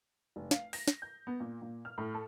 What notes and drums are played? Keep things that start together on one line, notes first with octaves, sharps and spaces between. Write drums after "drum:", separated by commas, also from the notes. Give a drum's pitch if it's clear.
F1
F5, drum: snare
A#6, drum: open hi-hat
drum: snare
G6
B3
A#2
A#2
F6
A2
A4